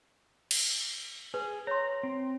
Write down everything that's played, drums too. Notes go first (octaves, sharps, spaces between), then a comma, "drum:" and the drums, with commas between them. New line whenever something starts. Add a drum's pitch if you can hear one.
drum: cymbal
G#4 B4
C#5 A#5 C6
C4